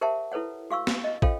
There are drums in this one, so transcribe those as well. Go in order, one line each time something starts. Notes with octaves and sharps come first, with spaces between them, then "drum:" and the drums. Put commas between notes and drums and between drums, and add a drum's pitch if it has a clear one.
G4 A#4 C5 E5 F#5 A5
E4 A4 B4 C#5 F#5
F#4 F5 C#6 E6
drum: snare
D#5
C#4 F4 A4 C5 F5 G5, drum: kick